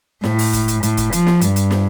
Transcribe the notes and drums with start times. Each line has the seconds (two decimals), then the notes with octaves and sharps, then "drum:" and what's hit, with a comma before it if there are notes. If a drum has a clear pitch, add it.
0.24 A2, drum: snare
0.39 drum: open hi-hat
0.53 drum: kick, hi-hat
0.68 drum: hi-hat
0.83 A2, drum: hi-hat
0.97 drum: kick, hi-hat
1.12 F3, drum: hi-hat
1.27 drum: snare
1.41 G2, drum: hi-hat
1.56 drum: hi-hat
1.71 drum: snare